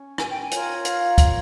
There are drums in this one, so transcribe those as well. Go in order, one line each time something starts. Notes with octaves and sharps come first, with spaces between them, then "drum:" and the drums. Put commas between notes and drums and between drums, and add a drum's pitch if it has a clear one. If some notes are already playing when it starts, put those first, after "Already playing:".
Already playing: C#4
G#5, drum: rim click
G5
G#5
F4 A#4 C#5, drum: hi-hat
F5, drum: hi-hat
drum: kick, hi-hat